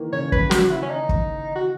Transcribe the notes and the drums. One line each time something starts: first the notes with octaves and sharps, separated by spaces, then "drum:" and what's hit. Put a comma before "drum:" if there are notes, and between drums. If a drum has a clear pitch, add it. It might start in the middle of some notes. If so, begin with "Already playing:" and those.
Already playing: D#3 E3 A#3
C#3 C#5
B4, drum: kick
F#4, drum: snare
E4
C#4
D#4
drum: kick
F#4